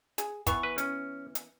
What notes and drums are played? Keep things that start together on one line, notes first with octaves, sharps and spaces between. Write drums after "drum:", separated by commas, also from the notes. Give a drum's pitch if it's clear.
G#4, drum: hi-hat
E3 B3 C#6, drum: kick, hi-hat
B4
C#4, drum: hi-hat
drum: hi-hat